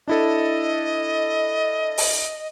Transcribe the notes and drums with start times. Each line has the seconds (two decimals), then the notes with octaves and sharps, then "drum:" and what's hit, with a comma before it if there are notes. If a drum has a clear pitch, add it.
0.08 D4 E4 A4 D#5
1.98 drum: open hi-hat